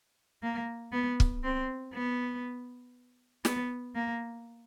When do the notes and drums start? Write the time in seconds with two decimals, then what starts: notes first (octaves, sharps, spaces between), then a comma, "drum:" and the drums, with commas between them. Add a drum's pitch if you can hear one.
0.43 A#3
0.93 B3
1.20 drum: kick
1.44 C4
1.93 B3
3.45 B3, drum: snare
3.96 A#3